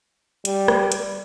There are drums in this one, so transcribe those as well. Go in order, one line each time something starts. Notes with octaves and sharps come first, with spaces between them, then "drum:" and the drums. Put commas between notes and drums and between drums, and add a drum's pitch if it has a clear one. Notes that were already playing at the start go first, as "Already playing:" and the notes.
G3, drum: hi-hat
drum: rim click
drum: hi-hat